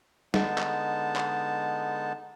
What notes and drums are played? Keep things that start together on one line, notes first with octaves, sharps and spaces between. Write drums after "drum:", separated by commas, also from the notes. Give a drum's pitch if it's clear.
D3 G#3 B3 D#4 A5, drum: snare
drum: clap
drum: clap